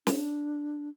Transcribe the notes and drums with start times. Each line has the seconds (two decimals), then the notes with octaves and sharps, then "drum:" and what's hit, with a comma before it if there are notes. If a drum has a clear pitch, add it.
0.07 D4, drum: snare